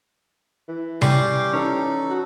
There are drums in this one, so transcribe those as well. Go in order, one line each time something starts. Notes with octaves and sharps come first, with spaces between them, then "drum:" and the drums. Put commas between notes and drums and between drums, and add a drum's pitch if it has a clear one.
E3
G3 C#4 G5 D6 C7, drum: tom C3
E3 C#4 D#4 A4
F#4